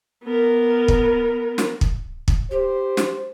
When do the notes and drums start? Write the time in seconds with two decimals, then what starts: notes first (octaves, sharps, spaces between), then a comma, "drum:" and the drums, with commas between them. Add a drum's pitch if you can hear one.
0.24 B3 A#4
0.88 drum: kick
1.58 drum: snare
1.81 drum: kick
2.28 drum: kick
2.51 G4 C5
2.97 drum: snare